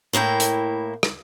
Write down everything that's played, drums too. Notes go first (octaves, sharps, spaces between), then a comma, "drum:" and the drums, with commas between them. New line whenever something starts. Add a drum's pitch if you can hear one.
A2 A#3 E4 G5
drum: hi-hat
drum: rim click